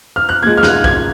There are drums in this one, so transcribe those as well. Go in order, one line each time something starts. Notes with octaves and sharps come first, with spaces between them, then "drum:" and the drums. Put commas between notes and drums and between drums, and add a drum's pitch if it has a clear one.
F6
F#6
A#2 G#3 G#6
F6
F#6, drum: snare
G#6, drum: kick B1